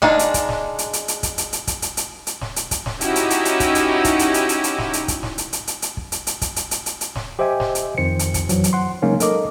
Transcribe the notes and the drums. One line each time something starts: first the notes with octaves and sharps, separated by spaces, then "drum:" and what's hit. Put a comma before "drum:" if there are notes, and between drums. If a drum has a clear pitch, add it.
G#3 D4 D#4 F5, drum: snare
drum: hi-hat
drum: kick, hi-hat
drum: snare
drum: hi-hat
drum: hi-hat
drum: hi-hat
drum: kick, hi-hat
drum: hi-hat
drum: hi-hat
drum: kick, hi-hat
drum: hi-hat
drum: hi-hat
drum: hi-hat
drum: snare
drum: hi-hat
drum: kick, hi-hat
drum: snare
C#4 D#4 E4 F#4 G4, drum: hi-hat
drum: hi-hat
drum: hi-hat
drum: hi-hat
drum: kick, hi-hat
drum: hi-hat
drum: kick, hi-hat
drum: hi-hat
drum: hi-hat
drum: hi-hat
drum: hi-hat
drum: snare
drum: hi-hat
drum: kick, hi-hat
drum: snare
drum: hi-hat
drum: hi-hat
drum: hi-hat
drum: hi-hat
drum: kick
drum: hi-hat
drum: hi-hat
drum: kick, hi-hat
drum: hi-hat
drum: hi-hat
drum: hi-hat
drum: hi-hat
drum: snare
G4 C5 D#5 E5 G5 G#5
drum: snare
drum: hi-hat
F2 D#3 C5 C#7
drum: hi-hat
drum: kick, hi-hat
F#2 E3 F#3, drum: hi-hat
drum: hi-hat
F#5 C6
C#3 F#3 G#3 A#3 C#4 D#4
A4 A#4 D#5 D6, drum: hi-hat